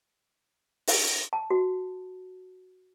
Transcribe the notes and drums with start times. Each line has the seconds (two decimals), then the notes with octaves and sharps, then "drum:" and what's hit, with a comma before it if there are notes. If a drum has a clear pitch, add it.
0.87 drum: open hi-hat
1.33 A5
1.51 F#4